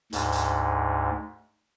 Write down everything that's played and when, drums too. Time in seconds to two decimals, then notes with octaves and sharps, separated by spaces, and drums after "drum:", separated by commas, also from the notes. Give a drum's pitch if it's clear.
0.13 D2 G#2, drum: hi-hat
0.32 drum: hi-hat